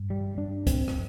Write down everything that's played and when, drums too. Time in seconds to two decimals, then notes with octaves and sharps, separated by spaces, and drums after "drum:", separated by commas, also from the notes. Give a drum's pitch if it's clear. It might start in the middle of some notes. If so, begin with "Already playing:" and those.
Already playing: G2
0.10 G3
0.38 D4
0.67 C4, drum: kick C#2, hi-hat
0.88 drum: rim click